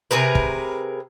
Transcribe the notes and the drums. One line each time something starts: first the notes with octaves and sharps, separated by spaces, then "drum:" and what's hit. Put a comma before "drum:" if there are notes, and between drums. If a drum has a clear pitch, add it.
C3 G#4 A#4 B4
drum: kick